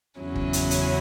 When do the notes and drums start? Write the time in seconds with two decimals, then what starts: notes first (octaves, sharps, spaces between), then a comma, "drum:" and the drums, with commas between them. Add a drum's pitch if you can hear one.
0.18 E2 C#3 F#3 C#4 E4
0.36 drum: kick
0.53 drum: hi-hat
0.71 drum: hi-hat